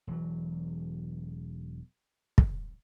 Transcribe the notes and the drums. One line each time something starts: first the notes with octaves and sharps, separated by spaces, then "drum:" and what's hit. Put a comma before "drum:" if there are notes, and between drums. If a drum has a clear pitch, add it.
E1 E3 F#3
drum: kick